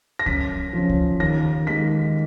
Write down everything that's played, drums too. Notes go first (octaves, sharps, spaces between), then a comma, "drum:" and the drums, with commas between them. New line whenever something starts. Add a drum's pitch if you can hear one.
A#6
F#2 B6, drum: kick C#2
C#3 F3
drum: kick C#2
D#2 A#6
D#3 G#3 B6